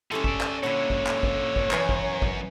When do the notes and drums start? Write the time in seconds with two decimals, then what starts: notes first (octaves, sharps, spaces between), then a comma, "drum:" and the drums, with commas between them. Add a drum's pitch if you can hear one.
0.11 G#3 C#4 E4 G4 A4
0.24 D5 E5, drum: kick
0.41 drum: clap
0.63 A#2 D3 E4 C#5 F#5
0.90 drum: kick
1.07 drum: clap
1.23 drum: kick
1.56 drum: kick
1.71 F#2 B2 E3 G#5, drum: clap
1.89 drum: kick
2.22 drum: kick